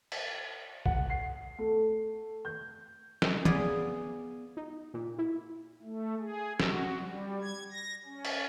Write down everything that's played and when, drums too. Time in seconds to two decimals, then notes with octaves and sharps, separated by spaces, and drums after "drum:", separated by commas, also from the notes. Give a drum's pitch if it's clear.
0.12 drum: cymbal
0.86 F#5, drum: kick A#1
1.10 C7
1.58 A3
2.45 G6
3.22 drum: snare
3.45 B3 G#4 D5 F5 G#5, drum: tom
4.57 D#4
4.94 A#2
5.19 E4
5.83 A3
6.20 G#4
6.60 F#4, drum: snare
6.99 G3
7.41 G#6
7.71 A#6
8.05 C#4
8.25 drum: cymbal